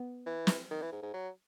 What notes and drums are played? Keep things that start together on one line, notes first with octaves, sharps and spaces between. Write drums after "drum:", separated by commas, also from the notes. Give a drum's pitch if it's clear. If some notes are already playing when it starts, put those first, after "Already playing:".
Already playing: B3
E3
drum: snare
D#3
E3
G#2
G#2
F#3